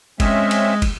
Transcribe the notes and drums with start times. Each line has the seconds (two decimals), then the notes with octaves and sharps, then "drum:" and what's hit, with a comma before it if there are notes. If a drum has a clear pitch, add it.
0.20 G#3 C4 C#4 E5, drum: kick, cymbal
0.51 drum: cymbal
0.82 drum: kick, cymbal